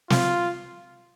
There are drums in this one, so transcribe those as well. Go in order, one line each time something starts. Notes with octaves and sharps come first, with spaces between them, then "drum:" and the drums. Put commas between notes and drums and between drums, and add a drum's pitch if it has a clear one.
F4, drum: snare